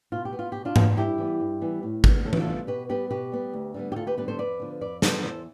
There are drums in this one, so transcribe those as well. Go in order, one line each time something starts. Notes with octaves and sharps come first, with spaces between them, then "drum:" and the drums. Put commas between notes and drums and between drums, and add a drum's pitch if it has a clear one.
B2 F4
G4
B3
F4
B2 G4
D4 F4
B3, drum: tom G#2
G2 E4 G4
E3 G3 B3
G2
E3 G3 B3
A2
G3 B3, drum: kick
A2 A4
B4, drum: tom E3
F4 A4
G3 B3
B2 G4 B4
G3 B3 G4 B4
B2 G4 B4
G3 B3
D2
D3 G3 B3
G4
D2 F4 A4
G4 B4
D3 G3 B3 G4 B4
A4 C5
F2 B4 D5
D3 F3 B3
F2 B4 D5
D3 F3 B3 A4 C5, drum: snare
E2 A4 C5